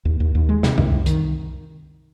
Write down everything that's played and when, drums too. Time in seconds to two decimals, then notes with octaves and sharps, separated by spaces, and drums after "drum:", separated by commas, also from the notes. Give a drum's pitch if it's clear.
0.05 D#2
0.20 D#2
0.35 D#2
0.49 G#3
0.63 C3, drum: snare
0.78 C2, drum: tom F#2
0.92 C2
1.06 D#3, drum: hi-hat